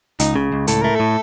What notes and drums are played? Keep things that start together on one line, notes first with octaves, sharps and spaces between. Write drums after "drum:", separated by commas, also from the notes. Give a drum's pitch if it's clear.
C#2 D#4, drum: hi-hat
C#3
C#2
A2 A4, drum: hi-hat
A3 A#4
A2 A4